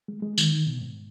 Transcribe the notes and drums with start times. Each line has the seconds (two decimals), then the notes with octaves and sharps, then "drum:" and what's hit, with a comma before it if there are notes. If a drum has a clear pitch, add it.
0.08 G#3
0.22 G#3
0.38 D#3, drum: tambourine
0.52 D#3
0.67 B2
0.81 G#2